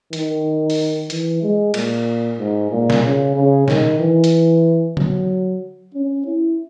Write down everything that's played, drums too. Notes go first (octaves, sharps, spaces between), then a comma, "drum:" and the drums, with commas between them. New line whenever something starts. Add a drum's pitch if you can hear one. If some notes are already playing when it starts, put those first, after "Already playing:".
D#3, drum: hi-hat
drum: open hi-hat
E3, drum: hi-hat
G#3
A#2, drum: cymbal
G#2
A#2
drum: snare
C#3
C#3
D#3, drum: snare
E3
drum: hi-hat
F#3, drum: tom D3
C#4
E4